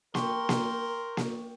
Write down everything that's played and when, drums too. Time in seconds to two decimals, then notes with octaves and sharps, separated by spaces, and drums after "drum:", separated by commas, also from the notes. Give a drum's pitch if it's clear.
0.15 G4 A#4 C6 C#6, drum: snare A#3
0.49 drum: snare A#3
1.17 drum: snare A#3